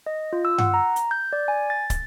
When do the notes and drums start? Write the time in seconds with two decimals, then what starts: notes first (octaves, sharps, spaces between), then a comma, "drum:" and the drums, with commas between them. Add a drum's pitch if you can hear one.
0.06 D#5
0.33 F4
0.45 E6
0.58 F#5, drum: tom G2
0.74 A#5
0.96 drum: hi-hat
1.11 G6
1.33 D5
1.48 G#5
1.70 A6
1.90 drum: kick, hi-hat